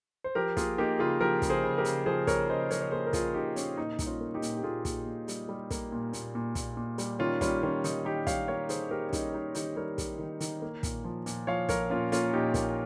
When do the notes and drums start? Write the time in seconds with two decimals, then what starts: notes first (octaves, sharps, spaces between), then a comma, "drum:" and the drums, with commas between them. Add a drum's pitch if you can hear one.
0.24 C5
0.35 F3 G4 A#4
0.57 A#3 F4 G#4, drum: kick, hi-hat
0.78 A#3 D#4 G4
0.99 C#3 F4 G#4
1.21 F3 G4 A#4
1.42 C#3, drum: kick, hi-hat
1.50 G#4 C5
1.64 C#3
1.78 G4 A#4
1.85 C#3, drum: hi-hat
2.06 F3 G#4 C5
2.27 A#3 A#4 C#5, drum: kick, hi-hat
2.50 C#3 C5 D#5
2.71 F3 A#4 C#5, drum: hi-hat
2.82 C#5
2.92 A#3 G#4 C5
3.07 A#4
3.13 A#3 F4 G#4, drum: kick, hi-hat
3.34 C#3 D#4 G4
3.56 A#3 C#4, drum: hi-hat
3.78 A#2 D#4
3.99 G3 D#4, drum: kick, hi-hat
4.06 C#4 F4
4.21 A#3
4.34 D#4 G4
4.42 A#2, drum: hi-hat
4.57 G4
4.63 A#2 F4 G#4
4.85 A#2, drum: kick, hi-hat
5.06 A#2
5.28 G3, drum: hi-hat
5.49 G3
5.71 A#3, drum: kick, hi-hat
5.92 A#2
6.13 A#2, drum: hi-hat
6.35 A#2
6.55 A#2, drum: kick, hi-hat
6.77 A#2
6.98 G3, drum: hi-hat
7.19 D#3 C#4 F4
7.41 G3 C#4 F4, drum: kick, hi-hat
7.63 D#3 C#4 F4
7.84 D#3 D#4, drum: hi-hat
8.05 D#3 D#4 G4
8.27 G3 C#5 F5, drum: kick, hi-hat
8.48 A#3 C#5 F5
8.69 D#3 G#4 C5, drum: hi-hat
8.91 A#3 G4 A#4
9.08 C#4
9.13 G3 D#4, drum: kick, hi-hat
9.33 G3 D#4
9.55 D#3 D#4 G4, drum: hi-hat
9.76 G3 A#4 C#5
9.98 G3, drum: kick, hi-hat
10.19 D#3
10.41 D#3, drum: hi-hat
10.62 A#3
10.83 A#2, drum: kick, hi-hat
11.04 F3
11.26 A#2, drum: hi-hat
11.47 F3 C#5 F5
11.69 F3 A#4 C#5, drum: kick, hi-hat
11.90 A#2 C#4 F4
12.12 A#3 C#4 F4, drum: hi-hat
12.33 A#2 D#4 G4
12.54 A#3, drum: kick, hi-hat